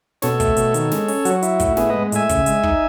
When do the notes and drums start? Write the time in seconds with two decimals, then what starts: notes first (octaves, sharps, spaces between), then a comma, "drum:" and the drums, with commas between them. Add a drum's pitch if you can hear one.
0.22 B2 A4 C#5, drum: snare
0.40 A3, drum: kick, hi-hat
0.56 B2, drum: hi-hat
0.74 D#3, drum: hi-hat
0.91 G#3, drum: snare
1.08 C#4, drum: open hi-hat
1.25 F#3 F#4, drum: hi-hat
1.42 E4, drum: hi-hat
1.60 A2, drum: kick, hi-hat
1.77 B3 E4 G#4, drum: snare
1.90 G#3 B4 D#5
2.12 A2 E5 G#5, drum: hi-hat
2.29 C#3, drum: kick, hi-hat
2.46 G#3, drum: hi-hat
2.63 D#4, drum: kick